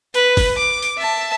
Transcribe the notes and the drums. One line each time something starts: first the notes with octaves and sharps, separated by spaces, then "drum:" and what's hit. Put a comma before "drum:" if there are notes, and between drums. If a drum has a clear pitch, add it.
B4, drum: hi-hat
drum: kick, open hi-hat
D6
drum: hi-hat
E5 A5